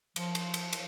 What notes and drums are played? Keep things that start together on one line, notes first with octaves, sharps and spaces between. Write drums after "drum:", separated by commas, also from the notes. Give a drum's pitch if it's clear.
F3, drum: cymbal
drum: cymbal
drum: cymbal
drum: cymbal